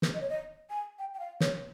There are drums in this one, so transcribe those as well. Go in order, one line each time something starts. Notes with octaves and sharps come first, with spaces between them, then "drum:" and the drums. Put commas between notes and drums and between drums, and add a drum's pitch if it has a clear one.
drum: snare
D#5
C#5
D#5
G#5
G5
G5
F5
C#5, drum: snare